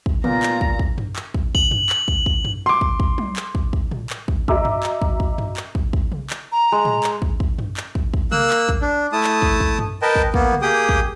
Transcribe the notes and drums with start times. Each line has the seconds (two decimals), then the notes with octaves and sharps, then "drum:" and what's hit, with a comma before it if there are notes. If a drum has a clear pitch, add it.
0.06 drum: kick
0.24 A#2 B3 F4 A#5, drum: tom C3
0.43 drum: clap
0.61 drum: kick
0.79 drum: kick
0.98 drum: tom F#2
1.16 drum: clap
1.34 drum: kick
1.55 F#7, drum: kick
1.71 drum: tom F#2
1.90 drum: clap
2.08 drum: kick
2.26 drum: kick
2.45 drum: tom F#2
2.66 C6 D6
2.81 drum: kick
3.00 drum: kick
3.18 drum: tom F#3
3.36 drum: clap
3.55 drum: kick
3.73 drum: kick
3.91 drum: tom A2
4.10 drum: clap
4.28 drum: kick
4.48 F#4 D#5 E5 A#5 D6 E6, drum: kick
4.65 drum: tom F#2
4.83 drum: clap
5.02 drum: kick
5.20 drum: kick
5.38 drum: tom F#2
5.57 drum: clap
5.75 drum: kick
5.93 drum: kick
6.12 drum: tom C3
6.30 drum: clap
6.52 A#5
6.72 G#3
6.85 drum: tom A2
7.03 drum: clap
7.22 drum: kick
7.40 drum: kick
7.59 drum: tom F#2
7.77 drum: clap
7.95 drum: kick
8.14 drum: kick
8.32 A#3 E6 F#6, drum: tom C3
8.50 drum: clap
8.69 drum: kick
8.82 D4
9.12 A3 E4 A5 D#6
9.24 drum: clap
9.42 drum: kick
9.60 drum: kick
9.79 drum: tom F#2
10.02 A#4 B4 D#5 G5 A5
10.16 drum: kick
10.34 A#3 B3, drum: kick
10.52 drum: tom C3
10.62 A#3 G4 G#4 G5 D#6
10.89 drum: kick